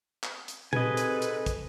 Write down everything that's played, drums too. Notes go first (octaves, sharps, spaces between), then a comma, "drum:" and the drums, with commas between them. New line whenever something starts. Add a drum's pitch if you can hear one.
drum: clap
drum: hi-hat
G#2 C3 A4 B4 D#5 G#5, drum: tom A#2
drum: hi-hat
drum: hi-hat
drum: kick, hi-hat